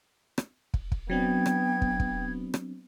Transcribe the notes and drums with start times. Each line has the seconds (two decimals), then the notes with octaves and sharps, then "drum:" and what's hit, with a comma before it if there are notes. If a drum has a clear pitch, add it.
0.38 drum: rim click
0.74 drum: kick
0.92 drum: kick
1.10 F#3 B3 C4 D4 G5 G#6
1.46 drum: rim click
1.82 drum: kick
2.00 drum: kick
2.54 drum: rim click